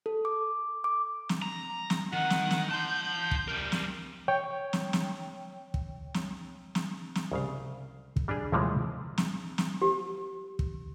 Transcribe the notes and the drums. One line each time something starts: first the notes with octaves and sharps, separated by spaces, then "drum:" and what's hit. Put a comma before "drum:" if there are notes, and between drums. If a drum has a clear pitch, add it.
A4
D6
D6
drum: snare
A#5
drum: snare
D#3 F#5
drum: snare
drum: snare
A5 C6 G6
drum: kick
G3 A#4
drum: snare
C#5 G5
drum: snare
drum: snare
drum: kick
drum: snare
drum: snare
drum: snare
C2 C#3 F5
drum: kick
G3 D4 G4 G#4
D#2 C3 E3 F3 G3 G#3
drum: snare
drum: snare
G4
drum: kick